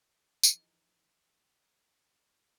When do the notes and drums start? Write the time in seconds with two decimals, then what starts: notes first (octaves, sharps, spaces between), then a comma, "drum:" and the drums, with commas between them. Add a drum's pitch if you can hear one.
0.43 drum: tambourine
0.54 E3 F3 D#4 G#4